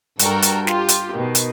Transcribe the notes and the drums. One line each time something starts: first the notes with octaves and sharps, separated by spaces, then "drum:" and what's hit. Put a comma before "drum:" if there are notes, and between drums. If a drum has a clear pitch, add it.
G2 F#4 A4 A#4 G5, drum: hi-hat
drum: hi-hat
F4 G4, drum: snare
drum: hi-hat
B2 D#3
drum: hi-hat